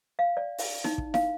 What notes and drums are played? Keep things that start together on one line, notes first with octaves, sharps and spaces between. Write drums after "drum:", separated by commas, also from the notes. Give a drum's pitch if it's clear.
F5
D5
drum: open hi-hat
D#4, drum: snare E4
drum: kick
F5, drum: snare E4